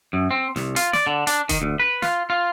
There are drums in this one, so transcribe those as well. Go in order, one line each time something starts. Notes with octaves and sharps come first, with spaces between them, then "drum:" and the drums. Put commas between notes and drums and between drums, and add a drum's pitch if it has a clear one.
F#2
C4
C2, drum: snare
F4, drum: hi-hat
D5, drum: snare
D3
D4, drum: hi-hat
D#3, drum: kick E1, hi-hat
D2
B4
F4, drum: snare
F4